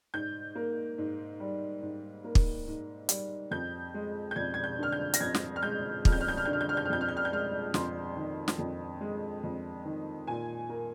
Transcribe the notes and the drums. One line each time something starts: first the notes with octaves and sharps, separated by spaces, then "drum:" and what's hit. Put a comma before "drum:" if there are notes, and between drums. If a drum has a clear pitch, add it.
G#2 G6
A#3
G#2
G3
G#2
A#3
drum: kick
G#2
G3, drum: hi-hat
F2 G6
G#3
G6
F2 G#6
G#6
G6
D3 F6
G6
A#6, drum: hi-hat
F2 G#6
drum: snare
F6
G#3 G6
F2 F6, drum: kick
G6
F6
G6
F6
D3 G6
F6
G6
F6
G6
F6
F2 G6
F6
G6
F6
G6
G#3 F6
F2 C6, drum: snare
D#3
drum: snare
F2
G#3
F2
D#3
A#2 G#5
A#3